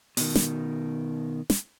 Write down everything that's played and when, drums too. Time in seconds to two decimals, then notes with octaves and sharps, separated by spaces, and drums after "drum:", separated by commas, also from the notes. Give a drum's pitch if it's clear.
0.17 B2 D#3, drum: open hi-hat
0.35 drum: snare
1.50 drum: snare